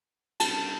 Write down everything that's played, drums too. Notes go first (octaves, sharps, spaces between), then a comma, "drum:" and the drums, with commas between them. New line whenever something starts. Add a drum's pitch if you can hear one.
A5, drum: cymbal